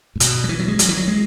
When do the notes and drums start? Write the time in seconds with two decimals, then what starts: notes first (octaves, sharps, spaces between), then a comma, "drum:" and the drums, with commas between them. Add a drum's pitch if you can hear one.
0.16 G#2
0.20 B2, drum: hi-hat
0.44 F#3
0.49 E3
0.59 F#3
0.68 G#3
0.79 F#3, drum: hi-hat
0.89 E3
0.97 F#3
1.08 G#3